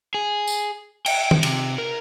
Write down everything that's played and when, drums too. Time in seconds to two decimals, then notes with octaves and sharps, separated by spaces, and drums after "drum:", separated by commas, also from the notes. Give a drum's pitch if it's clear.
0.14 G#4
0.47 drum: tambourine
1.06 G5, drum: cymbal
1.31 drum: tom
1.43 C3, drum: cymbal
1.78 A#4